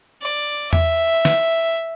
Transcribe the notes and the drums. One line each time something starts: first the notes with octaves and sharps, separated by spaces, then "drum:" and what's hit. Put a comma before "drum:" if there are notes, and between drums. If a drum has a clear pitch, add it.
D5
E5, drum: tom E2
drum: snare